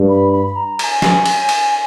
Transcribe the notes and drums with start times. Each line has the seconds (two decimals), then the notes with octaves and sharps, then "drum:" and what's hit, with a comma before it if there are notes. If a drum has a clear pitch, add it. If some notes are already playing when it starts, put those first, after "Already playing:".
Already playing: G2
0.09 B5
0.33 B5
0.47 B5
0.56 A#5
0.79 A#5, drum: cymbal
0.84 G#5
1.02 drum: snare
1.26 drum: cymbal
1.49 drum: cymbal